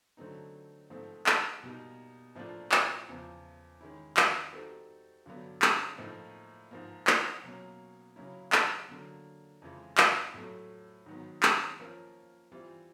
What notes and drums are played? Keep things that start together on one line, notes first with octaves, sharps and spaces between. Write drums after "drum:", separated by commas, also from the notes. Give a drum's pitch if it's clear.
D3 F#3 A3 C4 D#4
G#2 F3 A3 C4
drum: clap
B2 G3 A#3 D#4
A2 F3 A#3 D4 F4
drum: clap
E2 C#3 F3
D#3 G#3 C#4 E4
drum: clap
G3 C4 D#4 F#4 A4
G2 D3 F#3 B3
drum: clap
A2 F3 A#3 D#4
G#2 F3 A#3
drum: clap
B2 F#3 A#3 C#4
C#3 F#3 A#3 C#4 E4
drum: clap
D3 F#3 A#3
F2 C#3 E3 G#3
drum: clap
A2 F#3 A3
G#2 D#3 F#3 B3
drum: clap
F3 A#3 C#4 F4 A#4
E3 G3 C4 F4